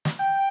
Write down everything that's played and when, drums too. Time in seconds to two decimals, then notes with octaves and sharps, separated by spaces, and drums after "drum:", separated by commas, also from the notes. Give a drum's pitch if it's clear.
0.05 drum: snare
0.19 G5